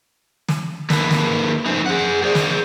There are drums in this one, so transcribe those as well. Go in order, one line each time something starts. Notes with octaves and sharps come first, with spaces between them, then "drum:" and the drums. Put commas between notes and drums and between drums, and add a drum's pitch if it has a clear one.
drum: snare
D#3 A#3 A4 B4, drum: snare
drum: snare
F3 A3 C4 C#4 D#4
G#4 F#5
G#4 C5 D5
drum: snare